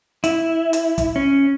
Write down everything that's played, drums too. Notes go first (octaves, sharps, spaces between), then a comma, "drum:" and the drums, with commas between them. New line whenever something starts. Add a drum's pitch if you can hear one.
E4, drum: hi-hat
drum: hi-hat
drum: kick, hi-hat
C#4